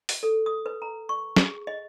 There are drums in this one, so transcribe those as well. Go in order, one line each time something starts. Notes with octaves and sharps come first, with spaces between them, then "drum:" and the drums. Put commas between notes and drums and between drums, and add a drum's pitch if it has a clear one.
drum: open hi-hat
A4
D#6
B4
A#5
C#6
G#4, drum: snare
D#5